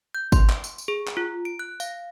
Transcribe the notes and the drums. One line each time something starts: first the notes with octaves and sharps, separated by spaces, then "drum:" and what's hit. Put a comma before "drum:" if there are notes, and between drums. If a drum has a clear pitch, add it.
G6
C6, drum: kick, tambourine
drum: clap
drum: tambourine
drum: tambourine
G#4
drum: clap
F4
D7
F#6
F5, drum: tambourine